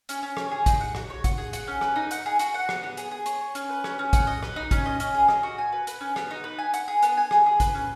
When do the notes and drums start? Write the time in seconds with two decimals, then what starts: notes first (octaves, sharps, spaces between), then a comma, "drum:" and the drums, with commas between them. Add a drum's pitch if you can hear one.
0.09 C#4, drum: hi-hat
0.23 C#4
0.37 C#5, drum: rim click
0.51 G#4
0.66 D#4, drum: kick, hi-hat
0.80 F#5
0.95 F#4, drum: rim click
1.10 C#5
1.24 F#5, drum: kick, hi-hat
1.38 G#4
1.53 F#5, drum: hi-hat
1.67 C#4
1.81 B4, drum: rim click
1.96 D#4
2.11 F#5, drum: hi-hat
2.26 G#4
2.39 F#4, drum: hi-hat
2.54 F#5
2.69 B3, drum: rim click
2.83 B3
2.97 G#4, drum: hi-hat
3.11 G#4
3.26 C#5, drum: hi-hat
3.41 C#5
3.55 C#4, drum: hi-hat
3.69 B4
3.84 C#4, drum: rim click
3.99 C#4
4.13 F#5, drum: kick, hi-hat
4.27 D#5
4.43 B4, drum: rim click
4.56 D#4
4.71 C#4, drum: kick, hi-hat
4.86 D#5
5.00 C#4, drum: hi-hat
5.14 G#4
5.28 D#5, drum: rim click
5.43 F#4
5.58 G#5
5.72 B4
5.87 B4, drum: hi-hat
6.01 C#4
6.16 B3, drum: rim click
6.31 D#4
6.44 B4
6.59 G#5
6.74 F#5, drum: hi-hat
6.88 G#4
7.02 B3, drum: hi-hat
7.17 G#5
7.31 G#4, drum: rim click
7.46 G#4
7.60 B4, drum: kick, hi-hat
7.75 C#4